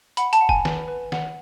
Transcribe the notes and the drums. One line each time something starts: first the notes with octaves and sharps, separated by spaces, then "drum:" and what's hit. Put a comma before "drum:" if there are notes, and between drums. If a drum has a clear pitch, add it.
F#5 B5, drum: hi-hat
A5, drum: hi-hat
F#5
G#5, drum: kick F1
B4, drum: snare
B4
F#5, drum: snare